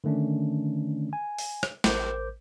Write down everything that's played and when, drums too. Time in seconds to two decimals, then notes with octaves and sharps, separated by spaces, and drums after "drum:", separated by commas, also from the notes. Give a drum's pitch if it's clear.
0.04 D3 D#3 A3 C#4 D4
1.13 G#5
1.38 drum: open hi-hat
1.63 drum: rim click
1.84 A1 A#4 C5 D6 G6, drum: snare